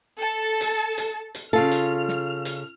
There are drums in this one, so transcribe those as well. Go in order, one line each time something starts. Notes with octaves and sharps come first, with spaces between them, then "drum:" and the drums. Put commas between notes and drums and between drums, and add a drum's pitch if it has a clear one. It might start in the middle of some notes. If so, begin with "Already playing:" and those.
A4 A5
drum: hi-hat
drum: hi-hat
drum: hi-hat
C#3 F4 A4 F6
drum: hi-hat
drum: snare
drum: hi-hat